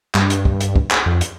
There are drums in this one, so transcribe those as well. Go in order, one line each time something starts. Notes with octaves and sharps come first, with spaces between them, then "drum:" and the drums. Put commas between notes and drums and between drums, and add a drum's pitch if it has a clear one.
G2, drum: clap
drum: hi-hat
drum: kick
drum: hi-hat
drum: kick
drum: clap
F2
drum: hi-hat